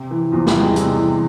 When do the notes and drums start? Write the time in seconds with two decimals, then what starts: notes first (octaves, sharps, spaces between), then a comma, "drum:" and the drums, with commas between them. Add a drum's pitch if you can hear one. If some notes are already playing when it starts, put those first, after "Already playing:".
Already playing: C3
0.11 E3
0.32 E2 F3
0.47 G3, drum: snare
0.54 E2
0.62 G#3
0.76 C3, drum: hi-hat
0.98 E3